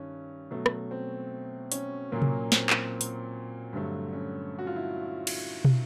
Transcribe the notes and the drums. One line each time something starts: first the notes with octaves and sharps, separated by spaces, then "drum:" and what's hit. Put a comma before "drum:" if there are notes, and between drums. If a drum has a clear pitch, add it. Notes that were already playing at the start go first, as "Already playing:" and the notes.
Already playing: G2 D#3 G3 C#4
B2 F#3 A3
drum: rim click
C4
C#4, drum: hi-hat
A#2 F#3 A#3
drum: tom C3
C4, drum: snare
drum: clap
drum: hi-hat
G2 D3 F#3 A3
C#4
F#4
F4
E4
drum: cymbal
drum: tom